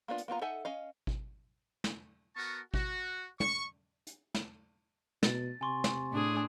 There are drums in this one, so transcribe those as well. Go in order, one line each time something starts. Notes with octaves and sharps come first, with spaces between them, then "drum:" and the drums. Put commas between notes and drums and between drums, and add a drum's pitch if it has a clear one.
A#3 B3 D4 F4
drum: hi-hat
A#3 B3 F4 A#5
D#4 A4 E5 F#5 G#5
C#4 D#5 F5
drum: kick G#1
drum: snare
B3 F#4 A#4 A5 C#6
F#4, drum: kick G#1
C#6, drum: tom
drum: hi-hat
drum: snare
B2 A6, drum: snare
C3 G#5 C6 C#6
drum: snare
A2 D4 G#4